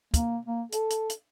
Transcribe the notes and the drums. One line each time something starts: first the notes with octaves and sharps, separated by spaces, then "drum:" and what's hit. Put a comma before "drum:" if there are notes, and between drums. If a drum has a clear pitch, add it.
A#3, drum: kick, hi-hat
A#3
A4, drum: hi-hat
drum: hi-hat
drum: hi-hat